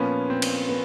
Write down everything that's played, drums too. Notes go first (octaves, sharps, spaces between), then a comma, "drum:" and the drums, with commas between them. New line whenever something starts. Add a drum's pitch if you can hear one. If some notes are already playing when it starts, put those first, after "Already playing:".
Already playing: A#2 F3 A#3 B3 C#4
C4
drum: cymbal
B3